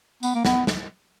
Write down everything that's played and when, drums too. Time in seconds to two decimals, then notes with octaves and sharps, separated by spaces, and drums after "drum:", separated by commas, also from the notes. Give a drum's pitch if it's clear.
0.23 B3, drum: tambourine
0.35 A#3
0.45 B3, drum: snare
0.67 drum: snare